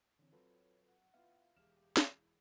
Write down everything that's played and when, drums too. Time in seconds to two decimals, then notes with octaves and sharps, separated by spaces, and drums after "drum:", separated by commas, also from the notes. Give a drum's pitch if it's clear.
0.19 D3 E3 C4 C#5
0.32 F#3 C4 F4 A4 B4
0.87 F#5
1.14 B3 E4 F4 E5 F5
1.56 E1 G4 F6 E7
1.97 drum: snare
2.18 E4